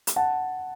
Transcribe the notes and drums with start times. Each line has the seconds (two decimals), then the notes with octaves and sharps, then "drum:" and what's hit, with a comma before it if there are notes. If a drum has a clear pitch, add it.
0.07 drum: hi-hat
0.16 F#5 A5